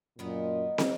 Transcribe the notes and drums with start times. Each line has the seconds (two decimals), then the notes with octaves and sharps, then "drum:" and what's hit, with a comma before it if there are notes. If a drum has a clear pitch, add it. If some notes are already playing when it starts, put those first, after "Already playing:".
0.19 F#2 A#2 D#3 B3 D#4
0.78 drum: snare